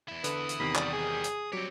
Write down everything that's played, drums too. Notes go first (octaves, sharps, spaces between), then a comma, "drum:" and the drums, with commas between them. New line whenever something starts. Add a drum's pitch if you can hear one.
E2 E4
D3 B4 D#6, drum: hi-hat
drum: hi-hat
E2 C3 D#3 A#3 B5
G3 F#4 D5, drum: clap
G#4
drum: hi-hat
F#3 G3 C4 C#5 D6 B6